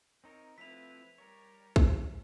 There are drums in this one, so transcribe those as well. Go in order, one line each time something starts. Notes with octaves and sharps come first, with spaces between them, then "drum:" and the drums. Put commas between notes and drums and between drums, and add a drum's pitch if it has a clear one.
C4 D#4 A#4 C#5
F3 A3 C4 E4 B4 B6 F7
G3 A#4 C#5
drum: kick